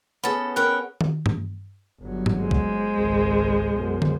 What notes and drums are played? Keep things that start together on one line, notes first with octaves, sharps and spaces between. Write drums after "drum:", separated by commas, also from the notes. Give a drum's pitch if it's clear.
B3 C#4 G#4 A4 B5
C#4 A#4 G5 B5 F#6
drum: tom D#3
drum: tom G2
G1 F#3
drum: tom G2
G#3 C5
drum: kick
G#1 C#2
B1 F#2
drum: tom